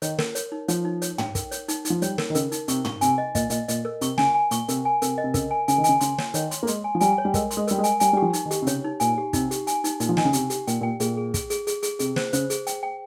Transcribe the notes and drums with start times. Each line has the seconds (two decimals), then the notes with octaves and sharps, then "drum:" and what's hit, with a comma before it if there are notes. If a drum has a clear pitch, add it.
0.02 D#3 C#5, drum: hi-hat
0.18 A#4, drum: snare
0.35 C#5, drum: hi-hat
0.52 D#4
0.68 F3 C#5, drum: hi-hat
0.85 D#4
1.02 C#5, drum: hi-hat
1.18 G5, drum: tom
1.35 A#4, drum: kick, hi-hat
1.52 C#5, drum: hi-hat
1.68 D#4, drum: hi-hat
1.85 D#4, drum: hi-hat
1.90 F3
2.02 G3 C#5, drum: hi-hat
2.18 A#4, drum: snare
2.30 D#3
2.35 C#3 A#4, drum: hi-hat
2.52 D#4, drum: hi-hat
2.68 C3 C#6, drum: hi-hat
2.85 C#6, drum: tom
3.01 C3 G#5, drum: hi-hat
3.18 D#5
3.35 A#2 D#5, drum: kick, hi-hat
3.50 A#2 D#5, drum: hi-hat
3.68 A#2 D#5, drum: hi-hat
3.85 A#4
4.01 C3 C#6, drum: hi-hat
4.18 C#3 G#5, drum: snare
4.34 G#5
4.51 A#2 C#6, drum: hi-hat
4.68 C3 A#4, drum: hi-hat
4.85 G#5
5.02 C3 A#4, drum: hi-hat
5.18 D#5
5.24 C3
5.34 C#3 A#4, drum: kick, hi-hat
5.51 G#5
5.68 C#3 G#5, drum: hi-hat
5.78 D#3
5.84 C#3 G#5, drum: hi-hat
6.01 C#3 C6, drum: hi-hat
6.18 C#5, drum: snare
6.34 D#3 C#5, drum: hi-hat
6.51 C6, drum: hi-hat
6.63 A#3
6.67 G#3 C6, drum: hi-hat
6.84 G#5
6.95 F3
7.00 G3 G#5, drum: hi-hat
7.18 C#5
7.25 G3
7.34 G#3 A#4, drum: kick, hi-hat
7.51 C6, drum: hi-hat
7.57 G#3
7.68 G3 A#4, drum: hi-hat
7.78 G#3
7.84 G#5, drum: hi-hat
8.00 G3 G#5, drum: hi-hat
8.13 G3 G4
8.22 F3
8.33 D#4, drum: hi-hat
8.46 D#3
8.51 G4, drum: hi-hat
8.62 C3
8.67 C#3 C#5, drum: hi-hat
8.84 D#4
9.00 A#2 G#5, drum: hi-hat
9.18 G4
9.33 C3 D#4, drum: kick, hi-hat
9.51 G4, drum: hi-hat
9.67 G#5, drum: hi-hat
9.84 D#4, drum: hi-hat
10.00 A#2 D#4, drum: hi-hat
10.09 F3
10.17 D#3 G#5, drum: snare
10.25 C#3
10.33 C3 G4, drum: hi-hat
10.50 G4, drum: hi-hat
10.67 A#2 G5, drum: hi-hat
10.81 A#2 G5
11.00 A#2 G#4, drum: hi-hat
11.17 G#4
11.34 G#4, drum: kick, hi-hat
11.50 G#4, drum: hi-hat
11.67 G#4, drum: hi-hat
11.83 G#4, drum: hi-hat
11.99 C3 G#4, drum: hi-hat
12.16 C5, drum: snare
12.33 C#3 C5, drum: hi-hat
12.50 G#4, drum: hi-hat
12.67 G5, drum: hi-hat
12.83 G5